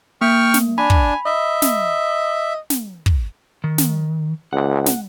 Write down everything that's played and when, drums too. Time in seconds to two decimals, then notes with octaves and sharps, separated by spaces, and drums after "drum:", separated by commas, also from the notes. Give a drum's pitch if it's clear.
0.21 A#3 G5 C#6 F6
0.54 drum: snare
0.78 D4 G#5 B5
0.90 drum: kick
1.26 D#5 E5
1.62 drum: snare
2.70 drum: snare
3.06 drum: kick
3.64 D#3
3.78 drum: snare
4.53 C#2 F#5
4.86 drum: snare